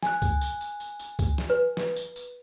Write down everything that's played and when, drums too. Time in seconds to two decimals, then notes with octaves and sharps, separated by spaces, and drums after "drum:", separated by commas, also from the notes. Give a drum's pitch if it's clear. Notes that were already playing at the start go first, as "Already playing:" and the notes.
0.03 G#5 F#6, drum: snare
0.22 drum: kick C#2, tambourine
0.41 drum: tambourine
0.61 drum: tambourine
0.80 drum: tambourine
0.99 drum: tambourine
1.19 drum: kick C#2, tambourine
1.38 drum: snare
1.50 B4
1.77 drum: snare
1.96 drum: tambourine
2.16 drum: tambourine